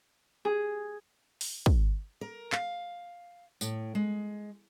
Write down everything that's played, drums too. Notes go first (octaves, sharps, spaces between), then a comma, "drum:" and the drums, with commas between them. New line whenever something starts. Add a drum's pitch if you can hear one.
G#4
drum: open hi-hat
drum: kick
A#4
F5, drum: clap
A2, drum: tambourine
G#3